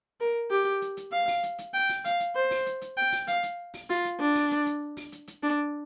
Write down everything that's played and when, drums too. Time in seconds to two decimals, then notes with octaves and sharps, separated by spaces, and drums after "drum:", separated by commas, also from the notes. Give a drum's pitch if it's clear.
0.20 A#4
0.51 G4
0.82 drum: hi-hat
0.97 drum: hi-hat
1.12 F5
1.28 drum: open hi-hat
1.43 drum: hi-hat
1.58 drum: hi-hat
1.74 G5
1.89 drum: open hi-hat
2.05 F5, drum: hi-hat
2.20 drum: hi-hat
2.36 C5
2.51 drum: open hi-hat
2.66 drum: hi-hat
2.81 drum: hi-hat
2.97 G5
3.12 drum: open hi-hat
3.27 F5, drum: hi-hat
3.43 drum: hi-hat
3.74 drum: open hi-hat
3.90 F4, drum: hi-hat
4.04 drum: hi-hat
4.20 D4
4.35 drum: open hi-hat
4.51 drum: hi-hat
4.66 drum: hi-hat
4.97 drum: open hi-hat
5.12 drum: hi-hat
5.27 drum: hi-hat
5.43 D4